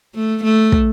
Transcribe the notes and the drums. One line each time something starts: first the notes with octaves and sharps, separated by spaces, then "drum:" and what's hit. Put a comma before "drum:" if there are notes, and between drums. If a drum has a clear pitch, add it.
A3
A3
drum: kick